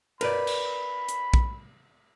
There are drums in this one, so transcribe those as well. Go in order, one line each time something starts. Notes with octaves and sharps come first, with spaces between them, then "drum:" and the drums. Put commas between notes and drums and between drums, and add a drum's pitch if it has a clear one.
A#4 B4 D5 B5, drum: cymbal
drum: cymbal
drum: hi-hat
drum: kick